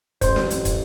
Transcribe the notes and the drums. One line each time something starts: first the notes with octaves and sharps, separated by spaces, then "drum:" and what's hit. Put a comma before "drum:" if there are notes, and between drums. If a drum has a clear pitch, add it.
A1 C5 C6, drum: kick, hi-hat
drum: snare
drum: hi-hat
drum: kick, hi-hat